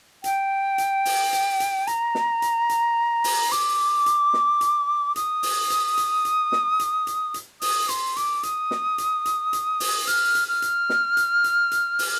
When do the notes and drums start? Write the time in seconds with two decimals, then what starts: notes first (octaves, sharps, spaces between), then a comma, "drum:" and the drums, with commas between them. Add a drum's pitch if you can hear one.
0.24 G5, drum: hi-hat
0.78 drum: hi-hat
1.05 drum: open hi-hat
1.33 drum: hi-hat
1.60 drum: hi-hat
1.87 A#5, drum: hi-hat
2.15 drum: snare
2.42 drum: hi-hat
2.69 drum: hi-hat
3.24 drum: open hi-hat
3.52 D6, drum: hi-hat
4.06 drum: hi-hat
4.33 drum: snare
4.61 drum: hi-hat
5.16 D#6, drum: hi-hat
5.43 drum: open hi-hat
5.70 drum: hi-hat
5.97 drum: hi-hat
6.25 drum: hi-hat
6.52 drum: snare
6.79 drum: hi-hat
7.07 drum: hi-hat
7.34 drum: hi-hat
7.61 D#6, drum: open hi-hat
7.89 C6, drum: hi-hat
8.17 D6, drum: hi-hat
8.43 D#6, drum: hi-hat
8.71 drum: snare
8.98 drum: hi-hat
9.25 drum: hi-hat
9.53 drum: hi-hat
9.80 drum: open hi-hat
10.07 F6, drum: hi-hat
10.35 drum: hi-hat
10.48 F6
10.62 drum: hi-hat
10.89 drum: snare
11.17 drum: hi-hat
11.44 drum: hi-hat
11.71 drum: hi-hat
11.99 drum: open hi-hat